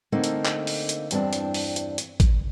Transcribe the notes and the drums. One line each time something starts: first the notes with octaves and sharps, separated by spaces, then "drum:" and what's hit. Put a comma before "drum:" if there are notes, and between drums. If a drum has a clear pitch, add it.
D3 A3 A#3 C4 D#4
drum: hi-hat
drum: clap
drum: open hi-hat
drum: hi-hat
E2 G2 C4 D4, drum: hi-hat
drum: hi-hat
drum: open hi-hat
drum: hi-hat
drum: hi-hat
drum: kick, hi-hat